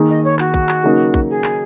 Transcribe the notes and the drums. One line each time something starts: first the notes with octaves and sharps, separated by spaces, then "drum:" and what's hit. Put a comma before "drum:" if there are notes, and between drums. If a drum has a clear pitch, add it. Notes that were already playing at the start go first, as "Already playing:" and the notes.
Already playing: D#3 A#3 D#4 G#4
D#5
C#5
F#4, drum: clap
drum: kick
drum: clap
C#3 F#3 A#3 D#4 A#4
drum: kick
G#4
drum: clap